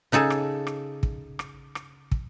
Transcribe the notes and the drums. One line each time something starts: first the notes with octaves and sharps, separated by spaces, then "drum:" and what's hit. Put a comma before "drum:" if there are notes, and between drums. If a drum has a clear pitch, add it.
C#3 D#4 G#4 A4
drum: rim click
drum: rim click
drum: kick
drum: rim click
drum: rim click
drum: kick